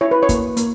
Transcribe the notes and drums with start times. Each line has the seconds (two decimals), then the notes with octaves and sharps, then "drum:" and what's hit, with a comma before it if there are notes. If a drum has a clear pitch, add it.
0.01 E4 C#5
0.11 B4
0.23 C#5
0.29 A#3, drum: kick, hi-hat
0.57 A#3, drum: hi-hat